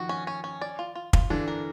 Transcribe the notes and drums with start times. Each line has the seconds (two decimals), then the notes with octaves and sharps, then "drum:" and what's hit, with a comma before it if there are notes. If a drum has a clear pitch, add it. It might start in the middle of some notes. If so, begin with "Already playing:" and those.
Already playing: D#3 F3 F#4
0.09 C#4
0.27 C#4
0.44 C#4
0.61 D5
0.79 F4
0.95 F4
1.13 F4, drum: kick
1.30 D3 E3 D4
1.48 A#4